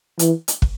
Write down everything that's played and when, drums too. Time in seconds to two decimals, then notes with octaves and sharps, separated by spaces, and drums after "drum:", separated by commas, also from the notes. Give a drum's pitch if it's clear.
0.19 E3, drum: hi-hat
0.48 drum: hi-hat
0.62 drum: kick